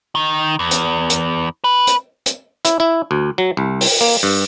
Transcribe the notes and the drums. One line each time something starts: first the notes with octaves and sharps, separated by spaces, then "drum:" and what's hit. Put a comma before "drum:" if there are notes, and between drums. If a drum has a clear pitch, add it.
D#3
E2
drum: hi-hat
drum: hi-hat
B4
drum: hi-hat
drum: hi-hat
E4, drum: hi-hat
E4
D2
F#3
C2
drum: open hi-hat
A#3
G2